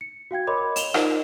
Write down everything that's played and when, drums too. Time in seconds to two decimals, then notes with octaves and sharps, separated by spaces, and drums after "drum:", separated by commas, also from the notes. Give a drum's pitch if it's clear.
0.01 C#7
0.31 F#4 F5 G5 G#6
0.47 A#4 C#5 D#5 B5 C6 D6
0.76 E7 F7 G7, drum: hi-hat
0.94 D#4 F4 A#4 C5 D5 D#5, drum: rim click